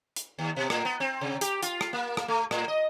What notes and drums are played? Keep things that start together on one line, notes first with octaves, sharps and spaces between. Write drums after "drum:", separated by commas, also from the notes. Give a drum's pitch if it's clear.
drum: hi-hat
D#2
B2
A2, drum: rim click
B3
C4
C3
G4, drum: hi-hat
F4, drum: hi-hat
drum: rim click
A#3
drum: rim click
A3
A2, drum: rim click
D#5